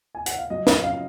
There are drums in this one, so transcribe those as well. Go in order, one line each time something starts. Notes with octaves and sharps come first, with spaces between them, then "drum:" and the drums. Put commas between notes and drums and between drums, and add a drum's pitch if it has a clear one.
G#5
F#5, drum: hi-hat
F5
F#3 D#5
C#4 D#5, drum: snare
F5